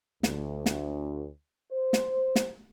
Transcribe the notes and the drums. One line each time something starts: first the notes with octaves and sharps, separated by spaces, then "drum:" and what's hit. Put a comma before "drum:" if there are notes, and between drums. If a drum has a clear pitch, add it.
D2, drum: snare
drum: snare
C5
drum: snare
drum: snare